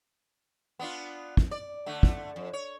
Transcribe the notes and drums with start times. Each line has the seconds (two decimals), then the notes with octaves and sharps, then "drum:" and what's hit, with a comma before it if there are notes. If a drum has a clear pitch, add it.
0.79 B3 D4 F4
1.37 drum: kick
1.51 D5
1.86 D3 A3
2.03 drum: kick
2.36 F2
2.53 C#5